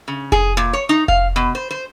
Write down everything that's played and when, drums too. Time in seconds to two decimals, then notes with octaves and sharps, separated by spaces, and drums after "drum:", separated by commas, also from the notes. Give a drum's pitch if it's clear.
0.08 C#3
0.32 G#4, drum: kick F1
0.57 A#2
0.73 C#5
0.89 D#4
1.08 F5, drum: kick F1
1.36 B2
1.55 C5
1.71 C5